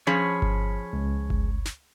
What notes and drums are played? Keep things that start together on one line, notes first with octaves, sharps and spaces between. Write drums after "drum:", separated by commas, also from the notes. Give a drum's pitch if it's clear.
F3 C#4 G#4 C#5 B5
drum: kick G1
C#2
drum: kick G1
drum: snare